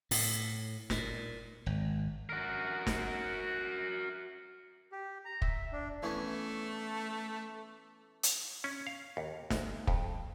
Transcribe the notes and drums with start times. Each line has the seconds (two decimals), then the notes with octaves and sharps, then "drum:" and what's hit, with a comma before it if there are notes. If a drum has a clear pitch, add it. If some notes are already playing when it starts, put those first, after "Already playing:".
0.11 A2, drum: open hi-hat
0.90 A#2, drum: snare
1.66 G#1
2.30 F#4 A#4
2.87 drum: snare
4.92 G4
5.25 A#5
5.42 E5, drum: kick
5.72 D4
6.03 E3 A3 B3 C#4
8.23 drum: hi-hat
8.64 C#4
8.87 F5
9.17 D#2
9.50 D2, drum: snare
9.87 F2, drum: kick